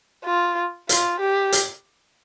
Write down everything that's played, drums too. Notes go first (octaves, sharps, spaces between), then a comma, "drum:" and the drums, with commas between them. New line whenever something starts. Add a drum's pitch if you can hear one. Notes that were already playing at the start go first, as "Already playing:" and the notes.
F4
F4, drum: hi-hat
G4
drum: hi-hat